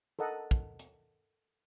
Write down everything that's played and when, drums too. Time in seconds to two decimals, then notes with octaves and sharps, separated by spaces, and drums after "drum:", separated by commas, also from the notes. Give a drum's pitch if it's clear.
0.19 A4 A#4 D#5 F#5
0.51 drum: kick
0.79 drum: hi-hat